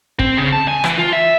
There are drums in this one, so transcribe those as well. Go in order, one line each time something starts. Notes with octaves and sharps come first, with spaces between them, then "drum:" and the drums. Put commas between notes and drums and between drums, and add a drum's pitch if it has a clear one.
C4, drum: kick
C#3
A5
G#5
E3, drum: rim click
F4
E5